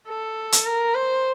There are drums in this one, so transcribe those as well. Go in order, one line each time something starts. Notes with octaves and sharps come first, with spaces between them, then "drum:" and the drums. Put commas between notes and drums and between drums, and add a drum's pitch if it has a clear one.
A4
drum: hi-hat
A#4
C5